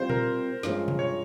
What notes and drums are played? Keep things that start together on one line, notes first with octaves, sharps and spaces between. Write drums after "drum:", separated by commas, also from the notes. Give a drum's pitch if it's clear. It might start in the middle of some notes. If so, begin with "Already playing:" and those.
Already playing: C3 G3 C4 F4 C5
A#4, drum: tom A#2
G2 F3 G#3 C#4, drum: snare
drum: tom B2
C#5